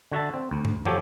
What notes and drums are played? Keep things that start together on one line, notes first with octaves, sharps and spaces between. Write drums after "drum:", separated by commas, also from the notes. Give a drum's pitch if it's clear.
D3 F#4 E5 A5
C4
D2
drum: tom
F3 F#3 G4 A4 C#5, drum: tom